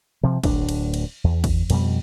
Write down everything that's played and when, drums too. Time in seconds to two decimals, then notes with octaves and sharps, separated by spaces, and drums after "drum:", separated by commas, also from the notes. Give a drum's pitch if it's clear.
0.23 C3 F3
0.44 D1 D2 D4, drum: kick, cymbal
0.69 drum: cymbal
0.94 drum: cymbal
1.24 E2
1.44 drum: kick, cymbal
1.70 F2 B2 G3, drum: cymbal